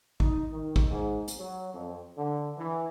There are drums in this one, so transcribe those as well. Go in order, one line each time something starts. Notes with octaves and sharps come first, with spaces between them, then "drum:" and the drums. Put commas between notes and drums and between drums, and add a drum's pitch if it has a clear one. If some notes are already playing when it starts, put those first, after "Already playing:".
D#4, drum: kick
D#3
drum: kick
G#2
drum: hi-hat
F#3
F2
D3
E3